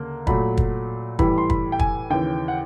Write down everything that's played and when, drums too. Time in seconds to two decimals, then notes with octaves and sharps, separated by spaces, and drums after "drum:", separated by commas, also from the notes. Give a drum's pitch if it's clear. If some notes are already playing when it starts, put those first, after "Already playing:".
Already playing: D2 C#3 A#3
0.27 A#2 F#3 A3 B5, drum: kick
0.57 drum: kick
1.19 A2 E3 G3 B5, drum: kick
1.38 C6
1.50 B5, drum: kick
1.72 G5
1.79 G#5, drum: kick
2.10 D#2 C#3 E3 G5
2.48 F#5